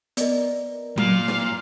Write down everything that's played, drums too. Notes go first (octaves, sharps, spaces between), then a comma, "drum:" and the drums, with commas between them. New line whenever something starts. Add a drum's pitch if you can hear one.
B3 A#4 D5 D#5, drum: hi-hat
A#2 F5, drum: tom F#3
drum: snare